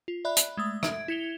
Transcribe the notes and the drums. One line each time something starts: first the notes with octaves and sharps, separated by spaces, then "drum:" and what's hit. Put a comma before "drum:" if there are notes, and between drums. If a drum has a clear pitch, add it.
F4
D5 E5 B5 F#6
drum: hi-hat
G#3 A3 D#6
E5 G#6 D7, drum: rim click
E4 G#6 C#7 F7 G7